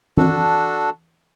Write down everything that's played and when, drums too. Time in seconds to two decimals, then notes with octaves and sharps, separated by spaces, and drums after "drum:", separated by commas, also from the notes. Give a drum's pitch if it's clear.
0.17 D4 F#4 A4, drum: tom